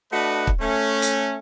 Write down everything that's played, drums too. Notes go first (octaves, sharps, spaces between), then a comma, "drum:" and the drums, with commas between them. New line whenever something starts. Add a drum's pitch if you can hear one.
A3 D4 F#4 B4 D#5
drum: kick
A3 C#4
drum: hi-hat